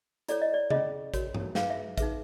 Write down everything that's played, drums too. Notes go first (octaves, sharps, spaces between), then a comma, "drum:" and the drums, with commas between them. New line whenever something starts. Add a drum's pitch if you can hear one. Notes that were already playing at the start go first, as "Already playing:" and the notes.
E4 A4 C#5 D5, drum: hi-hat
D#5
D5
C#4 F4 G#4 D#5, drum: tom C3
F#4 A#4 C#5, drum: kick A1, hi-hat
drum: tom G2
D#4 G#4 B4 F5, drum: snare
E5
D#4 G#4 B4 E5, drum: kick A1, hi-hat